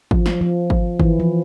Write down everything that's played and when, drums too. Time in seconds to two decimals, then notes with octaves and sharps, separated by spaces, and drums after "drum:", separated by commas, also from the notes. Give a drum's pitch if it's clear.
0.11 F3, drum: kick G#1
0.26 drum: snare
0.41 F3
0.70 drum: kick G#1
1.00 E3, drum: kick G#1
1.20 F3